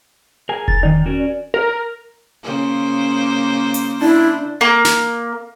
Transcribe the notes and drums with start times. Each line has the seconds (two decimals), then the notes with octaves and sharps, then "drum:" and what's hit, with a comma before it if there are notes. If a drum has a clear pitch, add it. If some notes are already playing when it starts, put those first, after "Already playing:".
0.49 G#4 A#4 G#5
0.68 A6, drum: kick E1
0.83 D#3 D#4 D5
1.06 C#4 F#4 A#4
1.54 A#4
2.43 C#3 A#3 C5
3.74 drum: hi-hat
4.01 D4 E4
4.61 A#3
4.85 drum: snare